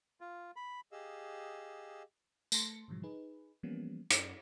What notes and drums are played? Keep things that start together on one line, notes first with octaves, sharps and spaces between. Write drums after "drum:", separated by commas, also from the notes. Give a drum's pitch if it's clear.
F4
B5
G4 G#4 D#5 F5 E6
A3 A5 C6 C#7, drum: tambourine
G#2 B2 D3 E3 F3 G3
D#4 G#4 B4
E3 F3 G3 A#3 B3 C#4
F#2 C#4, drum: hi-hat